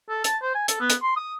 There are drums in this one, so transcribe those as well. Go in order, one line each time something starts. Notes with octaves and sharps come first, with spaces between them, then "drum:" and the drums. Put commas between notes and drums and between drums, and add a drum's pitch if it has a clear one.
A4
A5, drum: hi-hat
C5
G#5
A4, drum: hi-hat
B3
drum: hi-hat
C6
D#6